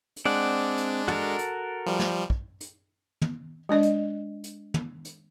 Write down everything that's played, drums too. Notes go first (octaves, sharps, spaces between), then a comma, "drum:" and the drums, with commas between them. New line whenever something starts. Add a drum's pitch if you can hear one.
drum: hi-hat
G#3 C4 D4 D5 F#5
drum: hi-hat
F#4 A4 A#4, drum: tom
drum: hi-hat
F3 G3
drum: snare
drum: kick
drum: hi-hat
drum: tom
G#3 D4 D5 D#5
drum: hi-hat
drum: hi-hat
drum: tom
drum: hi-hat